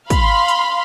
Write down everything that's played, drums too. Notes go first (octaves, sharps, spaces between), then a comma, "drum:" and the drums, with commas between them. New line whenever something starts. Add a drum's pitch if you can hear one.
F5 B5 C6, drum: kick, hi-hat
drum: hi-hat